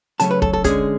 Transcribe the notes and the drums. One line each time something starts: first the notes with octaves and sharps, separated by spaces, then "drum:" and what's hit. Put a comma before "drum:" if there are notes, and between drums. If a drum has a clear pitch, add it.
C#3 F#3 A3 C#4 A5, drum: hi-hat
B4
A4, drum: kick
A4
D3 G#3 C#4 G#4, drum: kick, hi-hat